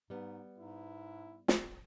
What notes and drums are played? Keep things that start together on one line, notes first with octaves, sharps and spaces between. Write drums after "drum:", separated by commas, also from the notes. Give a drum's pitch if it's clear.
G#2 G3 B3
G#2 E4
drum: snare